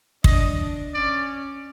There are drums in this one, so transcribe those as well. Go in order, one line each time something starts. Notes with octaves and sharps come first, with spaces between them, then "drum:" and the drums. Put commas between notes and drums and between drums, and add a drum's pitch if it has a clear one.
D4 D#5, drum: kick
D4
C#4 D5